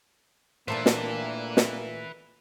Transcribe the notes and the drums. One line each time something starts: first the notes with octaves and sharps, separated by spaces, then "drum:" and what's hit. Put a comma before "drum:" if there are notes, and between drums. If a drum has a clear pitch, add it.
A#2 A3 A#3 C4 D4 B4 E5
drum: snare
drum: snare